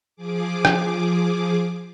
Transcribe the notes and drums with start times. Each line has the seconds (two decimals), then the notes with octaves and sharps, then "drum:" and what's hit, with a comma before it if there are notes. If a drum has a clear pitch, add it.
0.16 F3 G#4 D6
0.65 drum: rim click